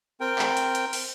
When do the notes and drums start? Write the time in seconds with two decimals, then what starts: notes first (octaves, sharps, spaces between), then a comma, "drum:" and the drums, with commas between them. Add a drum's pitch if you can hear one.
0.21 C4 A#4 G5
0.39 drum: clap
0.57 drum: hi-hat
0.75 drum: hi-hat
0.93 drum: open hi-hat